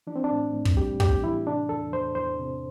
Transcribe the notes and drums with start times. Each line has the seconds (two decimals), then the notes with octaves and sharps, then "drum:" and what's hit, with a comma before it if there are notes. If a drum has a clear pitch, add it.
0.07 E3 D4
0.16 C4
0.24 D4
0.31 A2
0.53 A2
0.65 drum: kick
0.77 G3 G4
1.00 A2 G4, drum: kick
1.23 E3 E4
1.47 C3 D4
1.69 E2 A4
1.93 E2 C5
2.15 E2 C5
2.39 C3